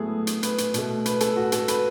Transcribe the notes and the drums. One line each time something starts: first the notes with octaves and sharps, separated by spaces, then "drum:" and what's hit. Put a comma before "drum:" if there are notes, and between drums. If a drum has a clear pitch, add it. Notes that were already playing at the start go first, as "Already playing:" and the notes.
Already playing: A2 F#3 B3 G#4 A4
drum: hi-hat
B4, drum: hi-hat
drum: hi-hat
B2 A3, drum: hi-hat
B4, drum: hi-hat
A4, drum: hi-hat
F#4
A4, drum: hi-hat
B4, drum: hi-hat